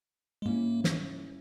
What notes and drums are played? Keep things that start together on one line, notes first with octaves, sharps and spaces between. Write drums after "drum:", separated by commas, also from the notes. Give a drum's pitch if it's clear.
G#3
G#2 G3 A#3 C#4 E4
drum: snare